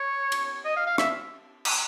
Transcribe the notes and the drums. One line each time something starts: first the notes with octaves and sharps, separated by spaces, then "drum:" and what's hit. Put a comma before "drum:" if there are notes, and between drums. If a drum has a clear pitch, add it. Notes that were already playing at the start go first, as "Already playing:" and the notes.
Already playing: C#5
drum: cymbal
D#5
F5
F5
E5, drum: rim click
drum: cymbal